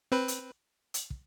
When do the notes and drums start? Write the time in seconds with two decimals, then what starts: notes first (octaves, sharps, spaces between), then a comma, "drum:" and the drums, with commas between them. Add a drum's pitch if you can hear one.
0.12 C4 B4
0.28 drum: hi-hat
0.94 drum: hi-hat
1.10 drum: kick